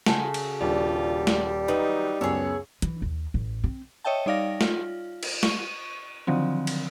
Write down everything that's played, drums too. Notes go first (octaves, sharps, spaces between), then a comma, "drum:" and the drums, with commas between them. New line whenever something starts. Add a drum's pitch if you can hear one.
C#3 F#4 A4, drum: snare
drum: cymbal
D#1 G3 D4 F4
drum: snare
D#3 F#3 D#4 B4
C#2 F#2 B3 G#4 C#5 E6
E3, drum: hi-hat
D#2
A1
C4
C#5 D#5 E5 G5 A5
G3 D#4 D5 F5 A#6
F4, drum: snare
drum: cymbal
C#6 D#7, drum: snare
D3 D#3 F3 F#3 C4
drum: cymbal